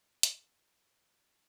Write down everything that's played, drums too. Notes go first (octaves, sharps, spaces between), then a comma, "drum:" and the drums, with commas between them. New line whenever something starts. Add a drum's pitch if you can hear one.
A4, drum: hi-hat